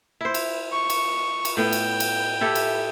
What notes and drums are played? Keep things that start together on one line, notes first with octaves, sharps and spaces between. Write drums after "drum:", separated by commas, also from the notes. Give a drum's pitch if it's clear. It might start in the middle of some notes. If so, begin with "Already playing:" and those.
E4 C5
drum: cymbal
C#6
drum: cymbal
drum: cymbal
A2 B3 G5
drum: cymbal
drum: cymbal
E4 G4 A4
drum: cymbal